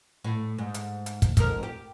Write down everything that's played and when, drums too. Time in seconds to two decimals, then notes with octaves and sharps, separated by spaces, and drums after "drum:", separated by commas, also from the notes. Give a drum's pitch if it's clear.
0.24 A2
0.58 G#2
0.74 drum: hi-hat
1.06 drum: hi-hat
1.22 drum: kick, hi-hat
1.37 F2 G#2 A#4, drum: kick, hi-hat
1.63 G4